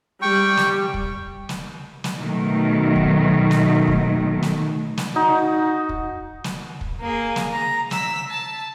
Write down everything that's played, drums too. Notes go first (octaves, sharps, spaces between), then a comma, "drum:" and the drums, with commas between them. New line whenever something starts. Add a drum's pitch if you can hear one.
G3 G5 C#6
drum: snare
drum: kick
drum: snare
drum: snare
B2 D#3 F#3 A3
drum: kick
drum: snare
drum: kick
drum: snare
drum: snare
D#4 F#4
drum: kick
drum: snare
drum: kick
A#3 G#4
drum: snare
A#5
E6 B6, drum: snare
A5